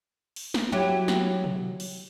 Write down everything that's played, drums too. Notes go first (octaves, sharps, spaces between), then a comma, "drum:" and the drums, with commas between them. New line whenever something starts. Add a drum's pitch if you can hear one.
drum: open hi-hat
drum: snare
F#3 E4 G4
drum: snare
drum: tom B2
drum: open hi-hat